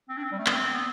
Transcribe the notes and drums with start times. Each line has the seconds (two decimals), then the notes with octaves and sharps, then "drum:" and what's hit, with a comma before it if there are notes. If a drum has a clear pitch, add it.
0.09 C4
0.17 D4
0.24 C4
0.32 G3
0.39 A3
0.46 B3, drum: clap
0.53 C4
0.74 B3